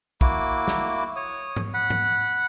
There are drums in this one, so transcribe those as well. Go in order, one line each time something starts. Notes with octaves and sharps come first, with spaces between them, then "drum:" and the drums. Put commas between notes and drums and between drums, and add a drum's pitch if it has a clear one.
A#3 E4 F#4 D6, drum: kick
drum: snare
C#5 D#6
drum: tom G#2
F#5 B5
drum: tom G#2